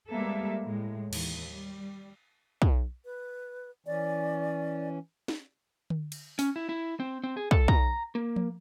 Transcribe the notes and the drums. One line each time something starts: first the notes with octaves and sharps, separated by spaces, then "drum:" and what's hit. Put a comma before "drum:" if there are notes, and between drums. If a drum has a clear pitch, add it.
G3 G#3 A#3 B3 A4 E5
A2 G#3
D#2 E3, drum: cymbal
G3
drum: kick
B4
E3 C#4 D5
drum: snare
drum: tom D3
drum: cymbal
C#4, drum: open hi-hat
E4
E4
C4
C4
G#4
A4, drum: kick
A#5, drum: kick
A#3
drum: tom F3